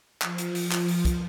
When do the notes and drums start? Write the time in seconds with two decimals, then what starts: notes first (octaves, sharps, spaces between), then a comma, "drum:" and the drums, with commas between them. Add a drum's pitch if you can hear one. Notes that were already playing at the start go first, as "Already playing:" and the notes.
0.22 F3, drum: clap
0.38 drum: hi-hat
0.55 drum: open hi-hat
0.72 drum: clap
0.88 drum: open hi-hat
1.05 drum: kick, hi-hat